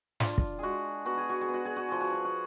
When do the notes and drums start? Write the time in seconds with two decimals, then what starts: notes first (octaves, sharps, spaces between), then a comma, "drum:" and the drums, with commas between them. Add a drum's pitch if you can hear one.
0.20 D4 F4, drum: snare
0.38 drum: kick
0.59 G#3 F#4 G#4
1.05 B3 F#4
1.18 G#4
1.29 F#4
1.41 G#4
1.49 B3
1.54 F#4
1.65 G#4
1.76 F#4
1.89 F3 G#4
2.01 F#4
2.13 G#4
2.25 F#4